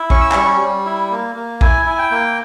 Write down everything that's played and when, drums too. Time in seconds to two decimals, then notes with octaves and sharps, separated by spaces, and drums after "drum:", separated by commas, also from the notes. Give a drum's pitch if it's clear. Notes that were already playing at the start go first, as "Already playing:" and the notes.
Already playing: E4
0.10 C#4 C#6, drum: kick A#1
0.21 E6
0.32 G3 C#6, drum: clap
0.61 G3
0.86 E4
1.11 A#3
1.36 A#3
1.61 E4 G#5, drum: kick A#1
1.86 E4 G#5
1.98 G5
2.11 A#3